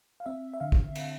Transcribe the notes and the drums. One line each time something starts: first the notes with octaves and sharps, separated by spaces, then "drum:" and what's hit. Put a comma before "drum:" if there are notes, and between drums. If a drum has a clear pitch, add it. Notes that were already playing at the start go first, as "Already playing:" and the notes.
F5
C4 E5
E5
D3 F5
drum: kick
drum: cymbal